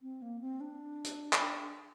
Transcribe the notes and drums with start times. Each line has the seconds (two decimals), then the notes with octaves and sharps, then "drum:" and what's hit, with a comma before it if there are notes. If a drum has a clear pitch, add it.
0.02 C4
0.22 A#3
0.41 C4
0.61 D4
1.04 drum: hi-hat
1.33 drum: clap